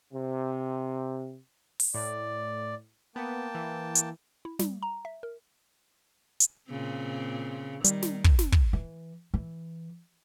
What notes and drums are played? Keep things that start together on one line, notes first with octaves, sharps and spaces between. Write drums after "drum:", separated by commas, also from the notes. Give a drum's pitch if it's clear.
C3
drum: open hi-hat
A2 D5
A#3 B3 G5 A5
E3
drum: hi-hat
E4
G3, drum: snare
A#5
E5
A#4
drum: hi-hat
A#2 C#3 C4
D#3 G3, drum: hi-hat
drum: snare
drum: kick
drum: snare
drum: kick
E3
E3